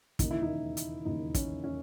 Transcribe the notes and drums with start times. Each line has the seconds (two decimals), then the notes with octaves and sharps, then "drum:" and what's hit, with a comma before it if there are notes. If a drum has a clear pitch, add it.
0.19 E1 D#2 C#3 D#4, drum: kick, hi-hat
0.31 E4
0.42 D#4
0.77 drum: hi-hat
1.05 E1 D#2 C#3 D#4
1.35 C#4, drum: kick, hi-hat
1.64 C#4